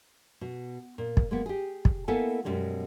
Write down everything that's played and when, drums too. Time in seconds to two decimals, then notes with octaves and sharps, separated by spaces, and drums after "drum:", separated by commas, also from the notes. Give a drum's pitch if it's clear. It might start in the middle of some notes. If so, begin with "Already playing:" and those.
0.41 B2
0.98 A#2
1.17 drum: kick
1.31 G#3 A#3 B3
1.46 G4 G#4
1.85 drum: kick
2.08 A#3 B3 E4 A4 G#5
2.45 F#2 B2 G3 G#3